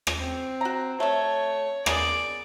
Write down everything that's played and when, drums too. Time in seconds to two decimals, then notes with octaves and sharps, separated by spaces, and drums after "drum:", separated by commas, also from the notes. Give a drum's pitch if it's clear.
0.07 drum: rim click
0.18 C4
0.61 F#4 A#5
1.00 A3 C#5 E5
1.86 A#3 B3 G#4 D5, drum: rim click